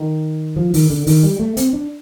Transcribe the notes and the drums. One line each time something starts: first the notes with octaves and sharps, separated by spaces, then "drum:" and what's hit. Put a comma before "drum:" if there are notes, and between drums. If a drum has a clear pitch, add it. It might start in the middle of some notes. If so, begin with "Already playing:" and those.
Already playing: D#3
F3
D#3, drum: open hi-hat
D3
D#3, drum: open hi-hat
G3
A3
C4, drum: hi-hat
D4